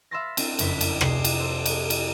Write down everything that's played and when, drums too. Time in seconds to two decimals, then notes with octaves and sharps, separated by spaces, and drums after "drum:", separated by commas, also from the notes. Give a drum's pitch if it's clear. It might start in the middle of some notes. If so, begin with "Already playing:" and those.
0.11 E5 F5 B5 C6 A6 A#6
0.37 C4 D4 G5, drum: cymbal
0.59 F#1 F2 B4 B6, drum: cymbal
0.81 drum: cymbal
1.01 C3 G#4 G5 C7, drum: rim click
1.24 drum: cymbal
1.40 A4 C5
1.66 G4 G#4, drum: cymbal
1.90 drum: cymbal